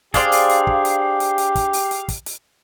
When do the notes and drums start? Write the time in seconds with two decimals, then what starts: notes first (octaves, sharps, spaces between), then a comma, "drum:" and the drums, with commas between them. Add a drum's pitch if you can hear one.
0.14 D4 G4 G#4 C5 D5 F5, drum: kick, hi-hat
0.32 drum: open hi-hat
0.49 drum: hi-hat
0.67 drum: kick
0.85 drum: hi-hat
1.20 drum: hi-hat
1.38 drum: hi-hat
1.56 drum: kick, hi-hat
1.73 drum: open hi-hat
1.91 drum: hi-hat
2.09 drum: kick, hi-hat
2.26 drum: hi-hat